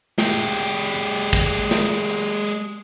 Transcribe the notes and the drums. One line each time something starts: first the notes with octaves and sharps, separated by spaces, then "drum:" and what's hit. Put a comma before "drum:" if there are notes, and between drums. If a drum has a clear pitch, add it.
G#3 G4, drum: snare
drum: hi-hat
drum: kick, hi-hat
drum: snare
drum: hi-hat